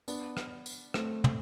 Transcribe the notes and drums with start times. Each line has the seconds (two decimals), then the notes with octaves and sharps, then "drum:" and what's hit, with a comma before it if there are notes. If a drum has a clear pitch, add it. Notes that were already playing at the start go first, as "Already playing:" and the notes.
0.08 B3 D4, drum: tambourine
0.37 drum: rim click
0.66 drum: tambourine
0.94 A3 C4, drum: rim click
1.24 drum: tom